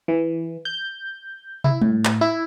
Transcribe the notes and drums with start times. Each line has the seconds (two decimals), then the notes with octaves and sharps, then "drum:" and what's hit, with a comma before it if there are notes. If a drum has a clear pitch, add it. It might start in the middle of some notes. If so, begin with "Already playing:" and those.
0.08 E3
0.65 G6
1.64 E4, drum: tom
1.82 A2, drum: tom G3
2.05 drum: clap
2.21 E4